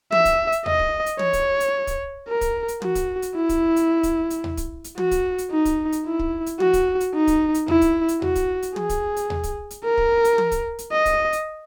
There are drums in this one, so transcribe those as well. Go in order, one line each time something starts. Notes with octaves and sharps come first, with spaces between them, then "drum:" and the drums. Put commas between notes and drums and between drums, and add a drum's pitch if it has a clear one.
E5, drum: tom
drum: kick, hi-hat
drum: hi-hat
D#5, drum: tom D#2
drum: kick
drum: hi-hat
C#5, drum: tom
drum: kick, hi-hat
drum: hi-hat
drum: kick, hi-hat
A#4
drum: kick, hi-hat
drum: hi-hat
F#4, drum: tom
drum: kick, hi-hat
drum: hi-hat
E4
drum: kick, hi-hat
drum: hi-hat
drum: kick, hi-hat
drum: hi-hat
drum: tom D#2
drum: kick, hi-hat
drum: hi-hat
F#4, drum: tom
drum: kick, hi-hat
drum: hi-hat
D#4
drum: kick, hi-hat
drum: hi-hat
E4
drum: kick
drum: hi-hat
F#4, drum: tom
drum: kick, hi-hat
drum: hi-hat
D#4
drum: kick, hi-hat
drum: hi-hat
E4, drum: tom D#2
drum: kick, hi-hat
drum: hi-hat
F#4, drum: tom D#2
drum: kick, hi-hat
drum: hi-hat
G#4, drum: tom
drum: kick, hi-hat
drum: hi-hat
drum: tom D#2
drum: kick, hi-hat
drum: hi-hat
A#4
drum: kick
drum: hi-hat
drum: tom
drum: kick, hi-hat
drum: hi-hat
D#5
drum: kick, hi-hat
drum: hi-hat